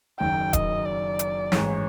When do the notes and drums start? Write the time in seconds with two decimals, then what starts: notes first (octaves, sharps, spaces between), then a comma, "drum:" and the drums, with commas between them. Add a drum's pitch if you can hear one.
0.20 F#1 F#2 D#3 G5
0.53 D#5, drum: kick D#1, hi-hat
0.86 D5
1.19 drum: hi-hat
1.52 A1 G#2 E3 C#5, drum: snare